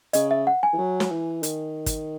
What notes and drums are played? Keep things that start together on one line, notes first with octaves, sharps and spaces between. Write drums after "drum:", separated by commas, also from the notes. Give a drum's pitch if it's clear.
C#3 D#5, drum: hi-hat
E5
F#5
G#5
E3
F#3
drum: snare
E3
D#3, drum: hi-hat
drum: kick, hi-hat